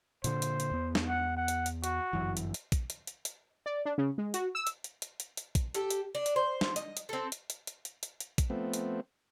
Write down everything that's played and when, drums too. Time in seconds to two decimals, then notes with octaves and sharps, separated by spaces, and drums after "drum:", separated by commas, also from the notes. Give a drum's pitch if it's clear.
0.24 A#2 D3 C5, drum: hi-hat
0.42 drum: hi-hat
0.60 drum: hi-hat
0.71 E2 B3
0.95 drum: snare
1.08 F#5
1.37 F#5
1.48 drum: hi-hat
1.66 drum: hi-hat
1.84 F#4, drum: hi-hat
2.13 G1 F#2 E3
2.37 drum: hi-hat
2.54 drum: hi-hat
2.72 drum: kick A#1, hi-hat
2.90 drum: hi-hat
3.07 drum: hi-hat
3.25 drum: hi-hat
3.66 D5
3.86 D4
3.98 C#3
4.18 G#3
4.34 F#4, drum: hi-hat
4.55 E6
4.67 drum: hi-hat
4.84 drum: hi-hat
5.02 drum: hi-hat
5.20 drum: hi-hat
5.37 drum: hi-hat
5.55 drum: kick A#1, hi-hat
5.74 G4 A4, drum: hi-hat
5.90 drum: hi-hat
6.15 D4
6.26 drum: hi-hat
6.36 C5
6.61 drum: snare
6.76 D#5, drum: hi-hat
6.97 drum: hi-hat
7.09 C4 A4
7.32 drum: hi-hat
7.50 drum: hi-hat
7.67 drum: hi-hat
7.85 drum: hi-hat
8.03 drum: hi-hat
8.20 drum: hi-hat
8.38 drum: kick A#1, hi-hat
8.50 F3 A3 B3 C4
8.74 drum: hi-hat